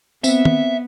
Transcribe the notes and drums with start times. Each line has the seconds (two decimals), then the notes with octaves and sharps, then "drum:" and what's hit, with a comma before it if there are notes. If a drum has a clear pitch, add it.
0.24 B3 C4 E5, drum: tambourine
0.45 drum: tom